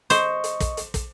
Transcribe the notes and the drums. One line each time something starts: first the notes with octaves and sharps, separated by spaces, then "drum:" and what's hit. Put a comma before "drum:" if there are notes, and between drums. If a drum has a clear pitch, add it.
C5 D#5 C#6, drum: hi-hat
drum: hi-hat
drum: kick, hi-hat
drum: hi-hat
drum: kick, hi-hat